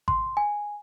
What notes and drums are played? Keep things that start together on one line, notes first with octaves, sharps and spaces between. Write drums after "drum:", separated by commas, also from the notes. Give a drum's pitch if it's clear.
C6, drum: kick G#1
G#5